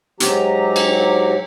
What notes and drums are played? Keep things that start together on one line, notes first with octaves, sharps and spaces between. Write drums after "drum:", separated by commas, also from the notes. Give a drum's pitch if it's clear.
G#2 F#3 G4 A#5, drum: hi-hat
drum: cymbal